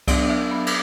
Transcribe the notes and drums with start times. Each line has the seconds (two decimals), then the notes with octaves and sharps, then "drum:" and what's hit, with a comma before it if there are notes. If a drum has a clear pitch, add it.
0.07 F#3 B3 D4 D5, drum: kick C2, cymbal
0.30 E5
0.51 B5
0.67 drum: cymbal